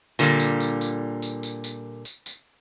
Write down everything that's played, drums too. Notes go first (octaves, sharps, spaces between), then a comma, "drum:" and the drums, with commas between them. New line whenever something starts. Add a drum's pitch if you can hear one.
A#2 D3 G3 A3 A#3, drum: tambourine
drum: tambourine
drum: tambourine
drum: tambourine
drum: tambourine
drum: tambourine
drum: tambourine
drum: tambourine
drum: tambourine